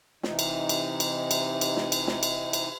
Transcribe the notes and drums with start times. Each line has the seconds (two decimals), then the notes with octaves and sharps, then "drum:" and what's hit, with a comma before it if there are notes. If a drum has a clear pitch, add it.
0.23 C3 E3 D#4, drum: snare
0.39 drum: cymbal
0.69 drum: cymbal
1.00 drum: cymbal
1.31 drum: cymbal
1.61 drum: cymbal
1.77 drum: snare
1.92 drum: cymbal
2.07 drum: snare
2.23 drum: cymbal
2.53 drum: cymbal